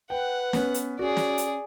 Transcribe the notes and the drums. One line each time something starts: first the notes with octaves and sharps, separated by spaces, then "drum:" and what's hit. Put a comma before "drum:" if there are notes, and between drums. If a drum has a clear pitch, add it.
B4 F#5 G5
B3 C#4, drum: snare
drum: hi-hat
C#4 F#4 G#4 D5
drum: snare
drum: hi-hat